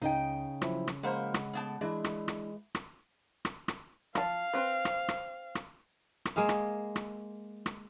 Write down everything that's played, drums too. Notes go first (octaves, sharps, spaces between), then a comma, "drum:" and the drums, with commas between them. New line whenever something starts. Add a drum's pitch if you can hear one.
C#2 C#3 D#4 D#5 G5
F3 F#3 E4, drum: rim click
drum: rim click
F3 G#3 A#3 C5 F#5 B5
drum: rim click
A2 B3 A5
E3 G#3 D4 E4
drum: rim click
drum: rim click
drum: rim click
drum: rim click
drum: rim click
F3 F5 A5, drum: rim click
C4 B4
drum: rim click
drum: rim click
drum: rim click
drum: rim click
G#3 A#3 G#4 F5
drum: rim click
drum: rim click
drum: rim click